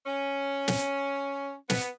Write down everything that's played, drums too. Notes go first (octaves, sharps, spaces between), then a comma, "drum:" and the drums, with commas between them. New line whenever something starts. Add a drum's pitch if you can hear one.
C#4
drum: snare
B3, drum: snare